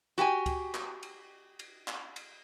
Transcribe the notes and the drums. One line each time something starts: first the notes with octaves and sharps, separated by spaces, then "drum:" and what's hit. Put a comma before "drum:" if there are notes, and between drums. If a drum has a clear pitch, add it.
F#4 G4 G5 G#5
drum: kick C#2, cymbal
drum: clap
drum: cymbal
drum: cymbal
drum: clap
drum: cymbal